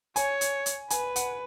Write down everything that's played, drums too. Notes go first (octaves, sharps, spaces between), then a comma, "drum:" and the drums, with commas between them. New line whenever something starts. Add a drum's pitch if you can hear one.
C#5 G#5, drum: hi-hat
drum: hi-hat
drum: hi-hat
B4 G#5, drum: hi-hat
F#5, drum: hi-hat